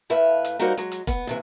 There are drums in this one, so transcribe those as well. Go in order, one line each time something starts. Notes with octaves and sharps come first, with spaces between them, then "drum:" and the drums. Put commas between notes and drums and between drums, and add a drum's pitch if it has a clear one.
A2 A3 B4 E5 F5
drum: hi-hat
G3 D#4 F#4 A#4 C5 F5
F#3 G#3, drum: hi-hat
drum: hi-hat
B3, drum: kick F1, hi-hat
D#2 C3 E3